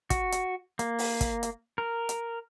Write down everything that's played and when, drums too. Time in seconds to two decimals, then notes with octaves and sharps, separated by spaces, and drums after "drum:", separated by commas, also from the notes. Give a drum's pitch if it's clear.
0.10 F#4, drum: kick, hi-hat
0.32 drum: hi-hat
0.79 A#3, drum: hi-hat
0.99 drum: open hi-hat
1.21 drum: kick, hi-hat
1.43 drum: hi-hat
1.78 A#4
2.09 drum: hi-hat